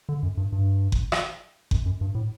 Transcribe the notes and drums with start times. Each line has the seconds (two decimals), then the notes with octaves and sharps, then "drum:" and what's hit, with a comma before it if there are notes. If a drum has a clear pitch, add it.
0.09 D3
0.23 F#2
0.37 G2
0.53 G2
0.92 drum: kick F#1
1.12 drum: rim click
1.71 F#2, drum: kick F#1
1.86 F#2
2.01 G2
2.15 A2